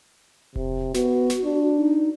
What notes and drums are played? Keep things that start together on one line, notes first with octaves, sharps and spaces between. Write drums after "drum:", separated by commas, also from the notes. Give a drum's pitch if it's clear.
C3, drum: kick E1
B3 F#4, drum: snare
drum: snare
D4
D#4